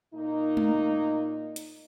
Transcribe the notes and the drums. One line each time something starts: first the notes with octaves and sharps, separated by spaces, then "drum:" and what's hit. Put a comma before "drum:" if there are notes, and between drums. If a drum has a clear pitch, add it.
A#2 A#3 D#4
drum: tom G#3
drum: hi-hat